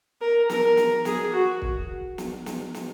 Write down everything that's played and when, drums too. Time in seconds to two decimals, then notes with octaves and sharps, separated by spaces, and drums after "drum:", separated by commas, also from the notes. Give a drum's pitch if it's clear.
0.21 A#4
0.49 A#4, drum: snare
0.77 drum: snare
1.05 G#4, drum: snare
1.33 F#4
1.62 drum: kick
2.18 drum: snare
2.46 drum: snare
2.74 drum: snare